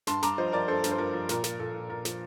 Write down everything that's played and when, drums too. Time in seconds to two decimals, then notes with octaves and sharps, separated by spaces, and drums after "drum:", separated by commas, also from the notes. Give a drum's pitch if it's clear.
0.07 G2 A5 C6, drum: snare
0.23 G2 A#5 D6, drum: snare
0.38 F3 C5 D#5
0.52 F3 A#4 D5
0.68 G2 A4 C5
0.84 G2, drum: snare
0.91 C5
0.98 F3 A#4
1.13 F3
1.29 A#2 A#4, drum: snare
1.44 F3, drum: snare
1.60 A#2 A4
1.74 A#2
1.89 A#2 A#4
2.05 F3, drum: snare